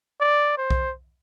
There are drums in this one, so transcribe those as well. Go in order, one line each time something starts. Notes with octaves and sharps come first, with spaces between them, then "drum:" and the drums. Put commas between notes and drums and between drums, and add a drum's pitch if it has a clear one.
D5
C5
drum: kick B1